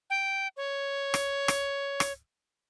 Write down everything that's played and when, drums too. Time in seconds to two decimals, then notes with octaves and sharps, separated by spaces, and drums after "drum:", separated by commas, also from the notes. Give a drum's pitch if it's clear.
0.10 G5
0.57 C#5
1.14 drum: rim click
1.48 drum: rim click
2.00 drum: rim click